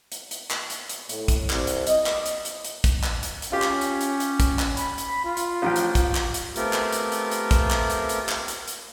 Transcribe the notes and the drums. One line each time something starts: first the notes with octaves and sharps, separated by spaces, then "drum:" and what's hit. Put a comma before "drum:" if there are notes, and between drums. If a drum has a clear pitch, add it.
drum: hi-hat
drum: hi-hat
drum: clap
drum: hi-hat
drum: hi-hat
A2, drum: hi-hat
drum: kick, hi-hat
C2, drum: clap
drum: hi-hat
D#5, drum: hi-hat
drum: clap
drum: hi-hat
drum: hi-hat
drum: hi-hat
drum: kick, hi-hat
drum: clap
drum: hi-hat
drum: hi-hat
C#4 F4 G4
drum: clap
drum: hi-hat
drum: hi-hat
drum: hi-hat
drum: kick, hi-hat
drum: clap
B5, drum: hi-hat
drum: hi-hat
F4
drum: hi-hat
A1 F3 G5
drum: hi-hat
drum: kick, hi-hat
drum: clap
drum: hi-hat
A3 B3 C4 F4 G4 A#4, drum: hi-hat
drum: clap
drum: hi-hat
drum: hi-hat
drum: hi-hat
drum: kick, hi-hat
drum: clap
drum: hi-hat
drum: hi-hat
drum: clap
drum: hi-hat
drum: hi-hat